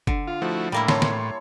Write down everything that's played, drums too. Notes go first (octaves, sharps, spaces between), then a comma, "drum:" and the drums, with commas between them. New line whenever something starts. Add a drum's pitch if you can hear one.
D3, drum: kick F#1
F4
F3 A3 E4 F#4
A2 G3 A#3 E4
C#5 A5 C6, drum: snare
drum: snare